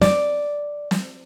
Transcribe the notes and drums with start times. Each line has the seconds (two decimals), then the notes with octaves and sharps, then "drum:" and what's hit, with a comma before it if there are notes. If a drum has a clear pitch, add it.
0.02 D5, drum: snare
0.91 drum: snare